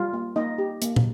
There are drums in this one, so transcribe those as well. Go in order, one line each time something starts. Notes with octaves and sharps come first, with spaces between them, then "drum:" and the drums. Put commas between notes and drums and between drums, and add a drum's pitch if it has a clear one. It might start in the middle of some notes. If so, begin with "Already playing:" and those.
Already playing: G3 F4 F5
A#3
A#3 D#4 D#5
G4
A#3, drum: hi-hat
drum: tom